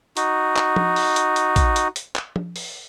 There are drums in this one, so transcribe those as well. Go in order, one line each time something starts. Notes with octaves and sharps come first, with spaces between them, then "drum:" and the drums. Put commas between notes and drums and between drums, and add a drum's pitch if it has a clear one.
D#4 F#4, drum: hi-hat
drum: clap
drum: tom
drum: open hi-hat
drum: hi-hat
drum: hi-hat
drum: kick, hi-hat
drum: hi-hat
drum: hi-hat
drum: clap
drum: tom
drum: open hi-hat